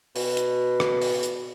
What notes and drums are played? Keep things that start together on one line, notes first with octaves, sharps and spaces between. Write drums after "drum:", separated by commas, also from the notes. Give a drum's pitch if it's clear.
B2, drum: open hi-hat
drum: hi-hat
drum: rim click
drum: open hi-hat
drum: hi-hat